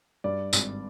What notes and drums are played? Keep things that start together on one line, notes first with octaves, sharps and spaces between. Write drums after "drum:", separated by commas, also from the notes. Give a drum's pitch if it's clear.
G2 D5
G#1, drum: tambourine